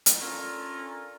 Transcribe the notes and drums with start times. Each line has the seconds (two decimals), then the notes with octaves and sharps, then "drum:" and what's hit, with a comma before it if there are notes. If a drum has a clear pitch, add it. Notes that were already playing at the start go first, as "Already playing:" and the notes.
0.06 drum: hi-hat
0.20 C#4 D4 F4 A4 A#4 A#5